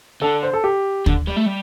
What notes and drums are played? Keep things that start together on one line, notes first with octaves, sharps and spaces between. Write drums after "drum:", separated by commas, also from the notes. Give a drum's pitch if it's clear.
D3 A4
C5
A4
G4
D3, drum: kick
G3
A3
G3